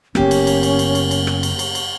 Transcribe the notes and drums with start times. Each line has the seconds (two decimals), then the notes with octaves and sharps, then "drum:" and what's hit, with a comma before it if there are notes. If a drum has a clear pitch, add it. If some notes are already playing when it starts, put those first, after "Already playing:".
0.15 F#1 A#3 B3 C#4 G4, drum: rim click
0.31 drum: cymbal
0.47 drum: cymbal
0.63 drum: cymbal
0.79 drum: cymbal
0.95 drum: cymbal
1.11 drum: cymbal
1.27 drum: rim click
1.43 drum: cymbal
1.59 drum: cymbal
1.75 drum: cymbal